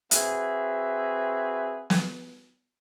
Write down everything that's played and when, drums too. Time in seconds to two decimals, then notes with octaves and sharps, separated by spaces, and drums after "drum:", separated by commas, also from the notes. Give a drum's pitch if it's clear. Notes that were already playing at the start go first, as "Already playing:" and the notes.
0.11 C4 F#4 G#4 B4 E5, drum: hi-hat
1.90 drum: snare